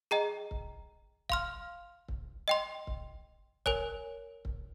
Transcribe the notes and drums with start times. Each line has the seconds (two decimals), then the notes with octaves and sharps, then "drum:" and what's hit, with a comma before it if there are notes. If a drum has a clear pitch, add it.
0.11 G#4 D#5 G5 A#5
0.51 drum: kick C#1
1.30 F5 C6 F6, drum: kick C#1
2.08 drum: kick C#1
2.48 D#5 G5 C6
2.87 drum: kick C#1
3.66 A#4 C#5 G#5, drum: kick C#1
4.45 drum: kick C#1